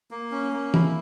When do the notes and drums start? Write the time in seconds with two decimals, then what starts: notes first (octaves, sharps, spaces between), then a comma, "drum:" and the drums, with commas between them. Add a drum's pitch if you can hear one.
0.11 A#3
0.32 C#4
0.53 A#3
0.74 E4, drum: tom